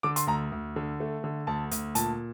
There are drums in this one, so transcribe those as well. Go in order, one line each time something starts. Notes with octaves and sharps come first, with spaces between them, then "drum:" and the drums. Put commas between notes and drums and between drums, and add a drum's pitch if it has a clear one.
D3 D6
C6, drum: hi-hat
D2 A#5
D2
D3
A3
D3
D2 A5
D2, drum: hi-hat
A#2 A5, drum: hi-hat